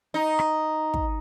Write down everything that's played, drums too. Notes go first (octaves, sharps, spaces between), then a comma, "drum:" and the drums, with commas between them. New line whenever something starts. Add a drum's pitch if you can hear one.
D#4
drum: rim click
drum: kick